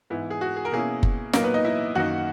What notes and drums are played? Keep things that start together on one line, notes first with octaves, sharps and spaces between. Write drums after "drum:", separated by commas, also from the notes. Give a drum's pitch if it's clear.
G#2 E3 B3 E4
G#4
F#4
G#4
A#4
B2 A#3 C#4 E4 G#4
drum: kick F#1
A#2 F#3 A#3 B3 D#4 A#4, drum: snare
B3 B4
D#4 D#5
E4 E5
F#2 D#3 A#3 D#4 F#4 F#5